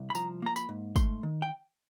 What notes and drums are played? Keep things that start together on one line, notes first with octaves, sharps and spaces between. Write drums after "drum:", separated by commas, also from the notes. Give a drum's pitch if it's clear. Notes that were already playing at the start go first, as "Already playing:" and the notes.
Already playing: C2
B5
F3 A#5, drum: tambourine
A#3 A#5
B5, drum: tambourine
G#2
A3 C6, drum: kick, tambourine
D#3
G5